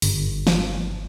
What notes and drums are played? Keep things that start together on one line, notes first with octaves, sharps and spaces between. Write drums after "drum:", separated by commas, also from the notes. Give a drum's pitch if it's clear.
G1, drum: open hi-hat
drum: snare